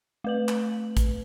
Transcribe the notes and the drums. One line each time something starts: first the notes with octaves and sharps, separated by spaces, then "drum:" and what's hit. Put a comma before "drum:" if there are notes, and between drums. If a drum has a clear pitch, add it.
A3 B4 F#7
drum: clap
drum: kick, hi-hat